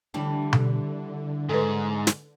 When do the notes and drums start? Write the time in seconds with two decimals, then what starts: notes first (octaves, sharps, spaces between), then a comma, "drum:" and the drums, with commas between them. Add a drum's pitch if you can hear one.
0.14 D3 E3 G3 D4
0.53 drum: tom B2
1.49 G#2 A4 B4
2.07 drum: snare